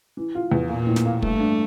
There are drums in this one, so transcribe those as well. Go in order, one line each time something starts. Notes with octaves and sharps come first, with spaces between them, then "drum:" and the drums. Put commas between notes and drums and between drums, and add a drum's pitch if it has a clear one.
E3
F4
E2
A#2 A#3
A2
drum: snare
A#3
G2 A3, drum: kick
D4